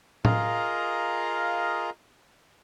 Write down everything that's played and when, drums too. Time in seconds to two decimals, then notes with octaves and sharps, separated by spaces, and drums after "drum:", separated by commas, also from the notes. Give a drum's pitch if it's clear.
0.25 F4 G#4 A#4 D#5 F5 A#5, drum: tom A2